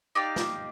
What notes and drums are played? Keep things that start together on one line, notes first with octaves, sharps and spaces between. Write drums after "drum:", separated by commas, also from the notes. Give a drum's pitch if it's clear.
D#4 G4 D5 F5
drum: snare